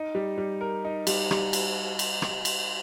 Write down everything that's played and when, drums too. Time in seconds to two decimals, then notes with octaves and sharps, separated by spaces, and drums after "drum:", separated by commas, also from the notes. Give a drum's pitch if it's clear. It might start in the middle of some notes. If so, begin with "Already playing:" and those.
Already playing: D#4
0.15 G3
0.38 G3
0.61 A#4
0.85 D#4
1.07 G3, drum: cymbal
1.31 G3, drum: rim click
1.53 drum: cymbal
1.99 drum: cymbal
2.22 drum: rim click
2.45 drum: cymbal